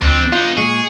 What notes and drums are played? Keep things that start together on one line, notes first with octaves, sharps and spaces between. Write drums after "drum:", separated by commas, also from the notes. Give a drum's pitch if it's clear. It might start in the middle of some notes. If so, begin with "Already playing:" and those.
F2 C4 D4, drum: tom D2
B3 D#4 F4
A#2 G#3 G#4 C#6